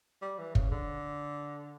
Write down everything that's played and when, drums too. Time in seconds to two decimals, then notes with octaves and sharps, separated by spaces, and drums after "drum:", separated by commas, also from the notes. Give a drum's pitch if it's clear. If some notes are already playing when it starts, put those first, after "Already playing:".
0.22 G3
0.39 E3
0.55 C#3, drum: kick
0.71 D3